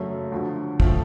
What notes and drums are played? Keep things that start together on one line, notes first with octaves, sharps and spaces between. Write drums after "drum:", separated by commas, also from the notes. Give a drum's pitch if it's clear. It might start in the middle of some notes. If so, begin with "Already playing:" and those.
Already playing: F#2 C#3 F#3 A3
D2 D3 F3
A2 F3 A3, drum: kick